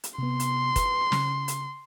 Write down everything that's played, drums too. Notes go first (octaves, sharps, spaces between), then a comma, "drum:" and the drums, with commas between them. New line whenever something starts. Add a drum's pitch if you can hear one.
drum: hi-hat
C3 B3 C6
drum: hi-hat
B4, drum: kick F1, hi-hat
C#3, drum: snare
drum: hi-hat